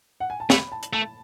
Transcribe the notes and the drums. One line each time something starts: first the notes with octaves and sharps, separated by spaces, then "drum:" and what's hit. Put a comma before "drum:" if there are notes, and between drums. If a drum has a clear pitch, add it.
F#5
G#5
A5
A3 B5, drum: snare
A5
drum: hi-hat
A3 A5